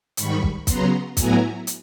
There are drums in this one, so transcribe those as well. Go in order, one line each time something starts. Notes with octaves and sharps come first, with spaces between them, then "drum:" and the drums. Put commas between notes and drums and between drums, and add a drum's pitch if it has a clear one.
G#2 D#3 G3 B5 C#6, drum: hi-hat
drum: kick
C#3 F#3 B3 A#5 C6, drum: kick, hi-hat
A2 F#3 B3 E4 G#5 A#5, drum: kick, hi-hat
drum: hi-hat